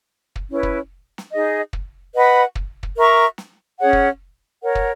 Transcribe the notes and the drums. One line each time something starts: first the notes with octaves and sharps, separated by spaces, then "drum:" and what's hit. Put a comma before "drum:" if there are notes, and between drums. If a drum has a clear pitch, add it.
drum: kick
C#4 E4 B4
drum: kick
drum: snare
D#4 G#4 D#5
drum: kick
B4 D#5 F#5 B5
drum: kick
drum: kick
A#4 E5 A#5 C#6
drum: snare
C#4 G#4 C#5 F#5
drum: kick
A#4 C#5 F#5
drum: kick